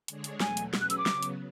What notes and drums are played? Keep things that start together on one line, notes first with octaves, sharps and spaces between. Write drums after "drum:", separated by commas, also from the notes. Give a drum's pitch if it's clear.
D3 G#3 D4 G#4 C#5, drum: hi-hat
drum: hi-hat
E2 B2 F#3 A3 G#5, drum: snare
drum: hi-hat
F#3 C#4 G#4 B4, drum: snare
F#6
E6, drum: hi-hat
D6
C#3 F#3 B3, drum: snare
drum: hi-hat